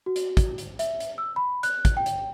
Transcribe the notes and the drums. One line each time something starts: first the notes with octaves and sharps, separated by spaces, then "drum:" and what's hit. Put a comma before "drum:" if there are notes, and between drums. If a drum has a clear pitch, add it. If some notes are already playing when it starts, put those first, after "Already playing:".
F#4
drum: hi-hat
drum: kick, hi-hat
drum: hi-hat
E5, drum: hi-hat
drum: hi-hat
E6
B5
F#6, drum: hi-hat
drum: kick, hi-hat
G5
drum: hi-hat